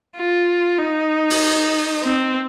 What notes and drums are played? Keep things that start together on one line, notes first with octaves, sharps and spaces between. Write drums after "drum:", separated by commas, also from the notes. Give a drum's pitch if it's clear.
F4
D#4
drum: open hi-hat
C4